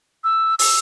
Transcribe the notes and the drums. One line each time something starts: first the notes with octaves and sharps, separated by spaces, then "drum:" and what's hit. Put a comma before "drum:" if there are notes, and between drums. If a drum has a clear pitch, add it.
E6
E6, drum: open hi-hat